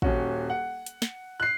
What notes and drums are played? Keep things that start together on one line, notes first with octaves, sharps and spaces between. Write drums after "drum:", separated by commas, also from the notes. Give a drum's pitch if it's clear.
D#1 C#4 F#4, drum: kick
F#5
drum: hi-hat
drum: snare
F#6 C7